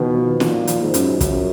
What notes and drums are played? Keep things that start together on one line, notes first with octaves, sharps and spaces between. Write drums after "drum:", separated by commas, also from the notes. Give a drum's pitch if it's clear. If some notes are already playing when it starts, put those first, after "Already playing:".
Already playing: B2 D#3 F3
F3
A#2 D#3, drum: snare
F3, drum: hi-hat
G#2
F#2 F#3, drum: hi-hat
F#2 F3, drum: kick, hi-hat
F#3